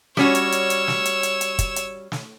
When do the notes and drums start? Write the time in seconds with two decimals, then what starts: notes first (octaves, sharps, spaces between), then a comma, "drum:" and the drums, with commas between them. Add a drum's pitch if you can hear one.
0.17 G3 C#4 F#4 C#5 E6, drum: snare
0.35 drum: hi-hat
0.52 drum: hi-hat
0.70 drum: hi-hat
0.88 drum: snare
1.05 drum: hi-hat
1.23 drum: hi-hat
1.41 drum: hi-hat
1.59 drum: kick, hi-hat
1.76 drum: hi-hat
2.12 drum: snare